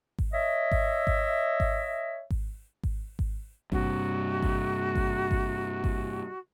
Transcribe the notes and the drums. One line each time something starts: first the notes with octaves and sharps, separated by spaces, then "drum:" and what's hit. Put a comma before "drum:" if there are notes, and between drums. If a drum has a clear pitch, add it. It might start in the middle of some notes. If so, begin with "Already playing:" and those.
drum: kick G#1
C#5 D#5 E5
drum: kick G#1
drum: kick G#1
drum: kick G#1
drum: kick G#1
drum: kick G#1
drum: kick G#1
G2 C3 F#4, drum: kick G#1
drum: kick G#1
drum: kick G#1
drum: kick G#1
drum: kick G#1